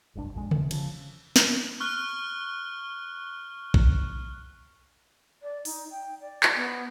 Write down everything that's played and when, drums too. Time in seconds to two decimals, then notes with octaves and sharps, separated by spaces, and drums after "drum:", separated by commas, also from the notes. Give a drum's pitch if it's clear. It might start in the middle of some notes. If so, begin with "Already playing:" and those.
0.15 F1 B1 G2 D4
0.34 A#1 F2 D#3 G#3
0.51 E1 C3, drum: tom C#3
0.71 C#3 F3, drum: cymbal
1.36 drum: snare
1.80 C#6 F6 F#6 G7
3.74 drum: kick A#1
5.43 D5
5.65 D#4, drum: open hi-hat
5.91 G5
6.21 D5
6.43 drum: clap
6.56 B3